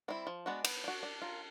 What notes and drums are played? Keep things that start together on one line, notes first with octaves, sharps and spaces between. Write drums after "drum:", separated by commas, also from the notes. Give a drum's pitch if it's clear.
G3 C4 E4
F3
G#3 B3 D4 F#4
B3, drum: cymbal
D4 F#4
D4
F4 A#4